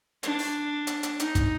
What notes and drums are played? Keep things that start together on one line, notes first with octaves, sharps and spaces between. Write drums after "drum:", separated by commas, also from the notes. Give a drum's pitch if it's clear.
D4, drum: hi-hat
drum: open hi-hat
drum: hi-hat
drum: hi-hat
D#4, drum: hi-hat
drum: kick, hi-hat